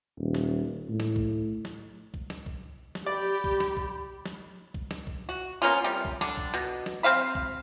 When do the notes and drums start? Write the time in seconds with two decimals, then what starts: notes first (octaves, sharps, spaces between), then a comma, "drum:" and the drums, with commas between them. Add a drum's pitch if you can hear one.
0.18 D#1
0.35 drum: snare
0.89 A2
1.00 drum: snare
1.16 drum: kick A#1
1.65 drum: snare
2.14 drum: kick A#1
2.30 drum: snare
2.46 drum: kick A#1
2.95 drum: snare
3.06 G4 D5 B5
3.44 drum: kick A#1
3.60 drum: snare
3.77 drum: kick A#1
4.26 drum: snare
4.74 drum: kick A#1
4.91 drum: snare
5.07 drum: kick A#1
5.29 F#4
5.62 A#3 B3 C#4 F4
5.84 C3 G3
6.05 drum: kick A#1
6.21 D3 D4, drum: snare
6.37 drum: kick A#1
6.54 B2
6.86 drum: snare
7.03 C4 C5 F5 B5
7.35 drum: kick A#1